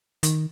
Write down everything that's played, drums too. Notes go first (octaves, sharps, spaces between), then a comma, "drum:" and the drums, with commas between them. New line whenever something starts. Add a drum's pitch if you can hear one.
D#3, drum: hi-hat